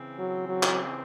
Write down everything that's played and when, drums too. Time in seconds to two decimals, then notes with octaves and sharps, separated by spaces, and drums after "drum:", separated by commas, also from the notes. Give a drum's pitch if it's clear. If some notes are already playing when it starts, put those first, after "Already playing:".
Already playing: C#3 E3 C4
0.19 F#3
0.49 F#3
0.63 drum: clap